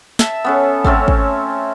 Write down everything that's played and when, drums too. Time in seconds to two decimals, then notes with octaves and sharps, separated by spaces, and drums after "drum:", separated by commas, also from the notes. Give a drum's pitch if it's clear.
0.19 E5 A5, drum: snare
0.44 B3 C#4 A4
0.85 A3 C4 C#4 A4, drum: kick
1.08 drum: kick